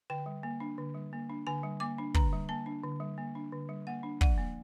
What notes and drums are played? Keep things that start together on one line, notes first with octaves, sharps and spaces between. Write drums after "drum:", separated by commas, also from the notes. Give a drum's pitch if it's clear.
D3 G5
G3
A#3
D4
D3
G3
A#3
D4
D3 G#5
G3
A#3 D6
D4
D3 A#5, drum: kick
G3
A#3 A5
D4
D3
G3
A#3
D4
D3
G3
A#3 F#5
D4
F3 F#5, drum: kick
A#3